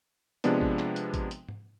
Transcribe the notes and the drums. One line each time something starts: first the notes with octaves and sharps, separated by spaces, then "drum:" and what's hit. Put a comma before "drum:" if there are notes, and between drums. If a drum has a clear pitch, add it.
C3 F3 G#3 B3 D4, drum: hi-hat
drum: kick A1
drum: clap
drum: hi-hat
drum: kick A1, hi-hat
drum: hi-hat
drum: tom G#2